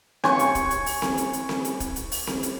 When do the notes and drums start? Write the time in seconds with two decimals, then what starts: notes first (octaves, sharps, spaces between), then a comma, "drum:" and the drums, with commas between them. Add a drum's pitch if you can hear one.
0.24 G#5 C#6, drum: snare C4
0.39 drum: hi-hat
0.55 drum: kick, hi-hat
0.71 drum: hi-hat
0.86 drum: open hi-hat
1.02 drum: snare C4
1.18 drum: hi-hat
1.33 drum: hi-hat
1.49 drum: snare C4
1.65 drum: hi-hat
1.80 drum: kick, hi-hat
1.96 drum: hi-hat
2.12 drum: open hi-hat
2.27 drum: snare C4
2.43 drum: hi-hat